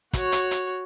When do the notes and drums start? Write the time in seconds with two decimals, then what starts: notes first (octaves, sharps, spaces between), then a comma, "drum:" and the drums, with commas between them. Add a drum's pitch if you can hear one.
0.13 F#4 C#5, drum: kick, hi-hat
0.32 drum: hi-hat
0.51 drum: hi-hat